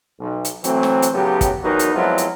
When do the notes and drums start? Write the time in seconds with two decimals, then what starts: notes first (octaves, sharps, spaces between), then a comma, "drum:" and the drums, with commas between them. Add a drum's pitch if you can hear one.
0.20 B1
0.45 drum: hi-hat
0.64 E3 F#3 A3 C4, drum: hi-hat
0.83 drum: snare
1.02 drum: hi-hat
1.14 A2 C#3 F#3 B3 G4
1.41 drum: kick, hi-hat
1.63 E2 F#3 D#4 A#4 B4
1.79 drum: hi-hat
1.94 F2 F3 F#3 G#3 B3 E4
2.18 drum: hi-hat